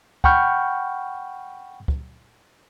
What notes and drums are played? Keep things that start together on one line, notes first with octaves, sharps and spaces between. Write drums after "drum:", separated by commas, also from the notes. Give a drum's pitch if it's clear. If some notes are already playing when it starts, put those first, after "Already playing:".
F#5 G5 B5 C#6 F6 G6, drum: kick
drum: kick